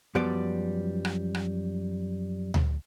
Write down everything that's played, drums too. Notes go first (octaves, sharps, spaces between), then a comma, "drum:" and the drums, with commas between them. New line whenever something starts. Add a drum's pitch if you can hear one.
F#2 F3 G3 B3 D5
drum: rim click
drum: rim click
drum: tom D2